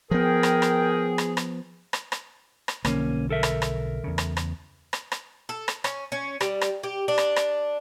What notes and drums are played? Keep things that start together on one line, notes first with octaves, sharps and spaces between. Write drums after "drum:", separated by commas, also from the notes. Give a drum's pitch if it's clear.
F3 B3 G#4 A#4 G5
drum: rim click
drum: rim click
drum: rim click
drum: rim click
drum: rim click
drum: rim click
drum: rim click
B1 D3 F3 A#3 C#4, drum: rim click
A4 A#4 E5
drum: rim click
drum: rim click
E2 C#3
drum: rim click
drum: rim click
drum: rim click
drum: rim click
A4
drum: rim click
C#4, drum: rim click
C#4
G3, drum: rim click
drum: rim click
G4
D4
drum: rim click
drum: rim click